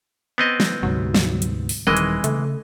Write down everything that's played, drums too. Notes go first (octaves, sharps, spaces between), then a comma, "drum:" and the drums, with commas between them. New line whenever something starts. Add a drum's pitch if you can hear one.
B3 C4 D#5
drum: snare
D2 G#2 C3 F#3
drum: snare
drum: hi-hat
drum: open hi-hat
D#1 D#3 E3 G3 G#3 C4 D#5
drum: hi-hat
C#3 A3, drum: hi-hat